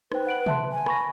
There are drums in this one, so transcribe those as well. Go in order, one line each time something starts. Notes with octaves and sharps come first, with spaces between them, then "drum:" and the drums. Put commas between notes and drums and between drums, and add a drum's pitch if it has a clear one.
D#4 B4 C5 G5, drum: rim click
F#5 D7 F#7
E5 A5 C6, drum: tom
G#5
B5 C#6 A#6, drum: rim click